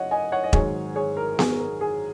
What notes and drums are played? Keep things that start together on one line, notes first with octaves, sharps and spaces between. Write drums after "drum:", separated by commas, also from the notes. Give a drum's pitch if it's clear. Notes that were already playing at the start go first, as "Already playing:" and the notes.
Already playing: F#2 C#3 C#5 D#5 F#5
D#5 G#5
C#5 F#5
D#5
G#1 G#2 F#3 G#4 C#5, drum: kick E1
G#4 C#5
A#4
G#4, drum: snare B3
A#4
G#4